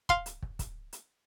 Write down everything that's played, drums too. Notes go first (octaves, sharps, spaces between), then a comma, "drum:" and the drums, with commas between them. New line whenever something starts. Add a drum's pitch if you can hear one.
F5 C6, drum: kick
drum: hi-hat
drum: kick
drum: kick, hi-hat
drum: hi-hat